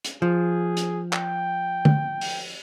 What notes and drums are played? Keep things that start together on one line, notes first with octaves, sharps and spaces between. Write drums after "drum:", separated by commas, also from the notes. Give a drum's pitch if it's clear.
drum: hi-hat
F3 G#4
drum: hi-hat
G5, drum: clap
drum: tom D3
drum: open hi-hat